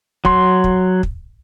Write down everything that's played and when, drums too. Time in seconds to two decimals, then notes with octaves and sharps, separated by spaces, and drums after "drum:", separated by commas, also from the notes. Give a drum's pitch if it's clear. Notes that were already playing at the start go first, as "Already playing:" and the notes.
0.25 F#3 C6, drum: kick
0.64 drum: kick
1.03 drum: kick